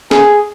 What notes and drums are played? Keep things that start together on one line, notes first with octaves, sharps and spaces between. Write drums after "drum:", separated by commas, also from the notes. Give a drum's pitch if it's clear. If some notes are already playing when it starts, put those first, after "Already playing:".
G#4, drum: snare